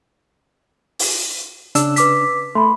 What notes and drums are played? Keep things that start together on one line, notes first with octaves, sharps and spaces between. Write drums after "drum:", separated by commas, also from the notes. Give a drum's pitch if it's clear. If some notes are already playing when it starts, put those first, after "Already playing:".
drum: open hi-hat
C#3 D4 E6, drum: hi-hat
B4 D6 B6, drum: hi-hat
A3 B5 C6